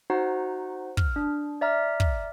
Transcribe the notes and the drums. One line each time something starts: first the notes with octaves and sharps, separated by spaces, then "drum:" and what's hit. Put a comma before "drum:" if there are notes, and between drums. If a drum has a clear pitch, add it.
D#4 F#4 C5 F#5 A#5
F6, drum: kick
D4
D5 E5 A#5 F6
drum: kick